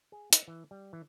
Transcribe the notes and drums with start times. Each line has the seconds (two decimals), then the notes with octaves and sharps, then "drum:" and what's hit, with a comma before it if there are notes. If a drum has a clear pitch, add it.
0.12 G#4
0.33 D#5, drum: hi-hat
0.48 E3
0.71 G3
0.93 E3